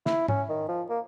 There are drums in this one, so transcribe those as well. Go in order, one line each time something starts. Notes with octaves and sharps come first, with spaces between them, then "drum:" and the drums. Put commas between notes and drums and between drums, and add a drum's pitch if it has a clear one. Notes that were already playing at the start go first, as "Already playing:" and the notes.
E4, drum: snare
C#4, drum: tom
D#3
F3
A#3